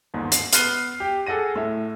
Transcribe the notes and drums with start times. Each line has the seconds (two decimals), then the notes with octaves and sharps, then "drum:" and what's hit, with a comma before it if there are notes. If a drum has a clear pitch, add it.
0.14 G1 D#2 G#2
0.32 C7, drum: hi-hat
0.53 B3 F6 F#6 C7 D#7 G7, drum: hi-hat
1.00 G4
1.26 G#4 A4 F#5 A#6 D#7
1.56 A2 E5